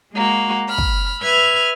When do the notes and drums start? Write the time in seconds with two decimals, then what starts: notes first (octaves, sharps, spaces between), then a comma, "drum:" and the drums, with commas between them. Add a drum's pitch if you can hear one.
0.14 G#3 A#3 F#4
0.68 B5 F6
0.78 drum: kick
1.21 B4 E5 F6 G#6